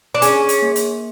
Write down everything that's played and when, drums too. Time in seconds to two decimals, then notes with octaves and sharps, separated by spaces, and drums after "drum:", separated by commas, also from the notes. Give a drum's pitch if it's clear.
0.15 D4
0.22 C#4 G#4, drum: hi-hat
0.49 drum: hi-hat
0.62 A#3
0.76 drum: hi-hat